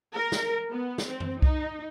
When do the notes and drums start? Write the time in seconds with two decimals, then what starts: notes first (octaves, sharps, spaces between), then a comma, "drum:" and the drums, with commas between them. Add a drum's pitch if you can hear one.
0.13 A#4
0.32 drum: snare
0.71 B3
0.98 drum: snare
1.09 C4
1.20 drum: tom F#2
1.42 D#4, drum: kick C2